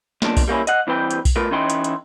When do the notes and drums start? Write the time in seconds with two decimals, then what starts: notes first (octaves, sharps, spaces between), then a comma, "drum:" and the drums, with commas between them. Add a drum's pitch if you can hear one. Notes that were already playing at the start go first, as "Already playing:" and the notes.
0.22 B1 A#2 D4, drum: snare
0.37 drum: kick B1, open hi-hat
0.48 G3 A#3 C#4 E4
0.67 D#5 F#5, drum: hi-hat
0.87 G2 E3 C4 B4 D5 G5
1.11 drum: hi-hat
1.25 drum: kick B1, open hi-hat
1.36 A3 F4 A#4 B4
1.51 E3 C#4 D#4 E4 G5 C6
1.70 drum: hi-hat
1.84 drum: hi-hat